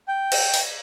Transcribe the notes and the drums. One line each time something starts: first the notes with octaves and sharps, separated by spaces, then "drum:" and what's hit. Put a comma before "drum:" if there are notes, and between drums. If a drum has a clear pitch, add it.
G5
drum: cymbal
drum: open hi-hat